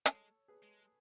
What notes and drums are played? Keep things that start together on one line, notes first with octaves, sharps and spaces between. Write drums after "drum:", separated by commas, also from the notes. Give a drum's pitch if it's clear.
G#3 A4 C#5, drum: hi-hat
G#4 B4
G#3